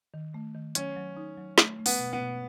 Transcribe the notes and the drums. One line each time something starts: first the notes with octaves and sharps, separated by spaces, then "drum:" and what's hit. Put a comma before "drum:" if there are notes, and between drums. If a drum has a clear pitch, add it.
D#3
A3
D#3
F#3 C#4, drum: hi-hat
F#3
D#4
F#3
A3, drum: snare
A3
B3, drum: open hi-hat
B2
B3
B2